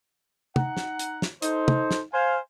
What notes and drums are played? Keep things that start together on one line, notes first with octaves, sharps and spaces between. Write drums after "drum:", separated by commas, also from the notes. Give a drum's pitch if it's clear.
D#4 F#5 A#5, drum: tom
drum: snare
drum: hi-hat
drum: snare
D#4 A4 C5, drum: hi-hat
drum: tom
drum: snare
C5 F5 G#5